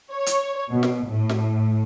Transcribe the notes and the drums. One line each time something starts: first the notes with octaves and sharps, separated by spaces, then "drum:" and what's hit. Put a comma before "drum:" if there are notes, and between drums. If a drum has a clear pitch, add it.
C#5
drum: hi-hat
B2
drum: snare
A2
drum: snare